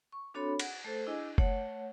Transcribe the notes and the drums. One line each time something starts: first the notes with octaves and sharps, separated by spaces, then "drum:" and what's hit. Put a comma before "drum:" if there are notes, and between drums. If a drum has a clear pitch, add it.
C#6
C4 D4 F#4 A4 C#5 B5
F#5, drum: cymbal
A3 A4 C5
D4 E4 G#4 D#5 G#5
A3 C#5 F#5, drum: kick F#1